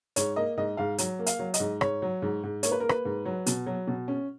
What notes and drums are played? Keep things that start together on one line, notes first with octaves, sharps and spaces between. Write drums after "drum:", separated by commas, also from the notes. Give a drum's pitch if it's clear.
G#2 C#5, drum: hi-hat
A#3 D#5
G#2 D#5
G#2 F5
F#3, drum: hi-hat
A#3
F5, drum: hi-hat
F#3
D#5, drum: hi-hat
G#2
G#2 C#5, drum: rim click
F#3
G#2
G#2
A#3 C#5, drum: hi-hat
B4
A#3 A#4
B4, drum: rim click
G#2
F#3
B2, drum: hi-hat
F#3
B2
C#4